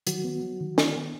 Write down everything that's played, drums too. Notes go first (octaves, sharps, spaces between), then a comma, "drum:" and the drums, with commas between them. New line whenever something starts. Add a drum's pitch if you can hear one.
D#3 F#3 F#4, drum: hi-hat
B3
F#3
D#3
D#3, drum: snare
B3